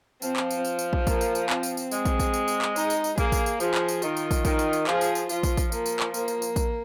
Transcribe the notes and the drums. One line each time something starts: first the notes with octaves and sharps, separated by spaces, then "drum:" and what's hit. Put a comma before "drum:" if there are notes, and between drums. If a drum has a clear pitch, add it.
F3 C4, drum: tambourine
drum: clap
drum: tambourine
drum: tambourine
drum: tambourine
drum: kick
A#3, drum: kick, tambourine
drum: tambourine
drum: tambourine
C4, drum: clap
drum: tambourine
drum: tambourine
G#3, drum: tambourine
drum: kick, tambourine
drum: kick, tambourine
drum: tambourine
drum: tambourine
drum: clap
D#4, drum: tambourine
drum: tambourine
drum: tambourine
A#3 G#4, drum: kick, tambourine
drum: kick, tambourine
drum: tambourine
F3 G#4, drum: tambourine
drum: clap
drum: tambourine
D#3 F4, drum: tambourine
drum: tambourine
drum: kick, tambourine
D#3, drum: kick, tambourine
drum: tambourine
drum: tambourine
F3 G#4, drum: clap
drum: tambourine
drum: tambourine
F3 F4, drum: tambourine
drum: kick, tambourine
drum: kick, tambourine
A#3, drum: tambourine
drum: tambourine
drum: clap
A#3, drum: tambourine
drum: tambourine
drum: tambourine
drum: kick, tambourine